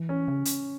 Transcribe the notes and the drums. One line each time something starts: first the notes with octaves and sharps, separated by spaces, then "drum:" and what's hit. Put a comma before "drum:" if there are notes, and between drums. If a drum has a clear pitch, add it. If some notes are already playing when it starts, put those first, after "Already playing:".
Already playing: E3
C#4
C#3
drum: hi-hat